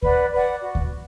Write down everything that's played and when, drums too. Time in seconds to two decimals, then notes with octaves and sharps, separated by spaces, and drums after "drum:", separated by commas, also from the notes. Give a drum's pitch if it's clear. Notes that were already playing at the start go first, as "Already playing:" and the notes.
0.03 B4 D5 F#5, drum: kick D2
0.32 B4 D5 F#5
0.60 F#4
0.75 drum: kick D2